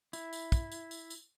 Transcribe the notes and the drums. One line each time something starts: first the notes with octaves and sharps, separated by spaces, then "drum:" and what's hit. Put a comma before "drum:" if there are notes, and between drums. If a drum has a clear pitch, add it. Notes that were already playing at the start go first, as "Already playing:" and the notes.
E4, drum: tambourine
drum: tambourine
drum: kick, tambourine
drum: tambourine
drum: tambourine
drum: tambourine